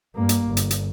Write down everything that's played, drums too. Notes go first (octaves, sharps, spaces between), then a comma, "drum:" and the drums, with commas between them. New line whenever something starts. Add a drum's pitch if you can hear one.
G2 A#3
drum: hi-hat
G1
drum: hi-hat
drum: hi-hat